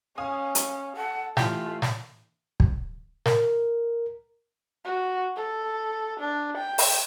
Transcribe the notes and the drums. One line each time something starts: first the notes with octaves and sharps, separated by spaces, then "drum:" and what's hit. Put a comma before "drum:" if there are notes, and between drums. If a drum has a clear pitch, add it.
C#4 F5 G#5 D#6
drum: hi-hat
A4 F#5
E3 A3 F4 G4, drum: snare
drum: snare
drum: kick
A#4, drum: snare
F#4
A4
D4
G5
drum: open hi-hat